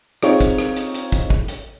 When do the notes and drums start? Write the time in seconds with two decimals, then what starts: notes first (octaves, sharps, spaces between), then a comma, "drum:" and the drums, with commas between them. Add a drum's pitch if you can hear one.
0.23 C4 D#4 F4 G#4 C#5, drum: rim click
0.40 drum: kick, hi-hat
0.58 drum: rim click
0.76 drum: hi-hat
0.94 drum: hi-hat
1.12 drum: kick, hi-hat
1.30 drum: kick
1.48 drum: hi-hat